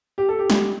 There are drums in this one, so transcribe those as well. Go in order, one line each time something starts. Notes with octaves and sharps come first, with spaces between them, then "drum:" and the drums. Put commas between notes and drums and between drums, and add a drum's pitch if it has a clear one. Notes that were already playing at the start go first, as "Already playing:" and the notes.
G4
A4
G4
drum: snare